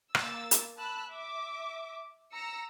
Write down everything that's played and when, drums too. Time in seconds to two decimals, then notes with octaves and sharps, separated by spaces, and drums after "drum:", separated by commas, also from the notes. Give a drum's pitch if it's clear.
0.15 A#3 E6 A6, drum: rim click
0.51 drum: hi-hat
0.78 A5 B5 E6 F#6
1.10 E5 D6
2.34 A#5 E6 A#6 C#7